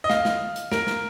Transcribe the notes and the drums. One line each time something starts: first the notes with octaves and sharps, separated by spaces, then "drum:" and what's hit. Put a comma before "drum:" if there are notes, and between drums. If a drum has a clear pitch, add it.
D#5
F5, drum: snare
drum: snare
drum: hi-hat
A#4, drum: snare
drum: snare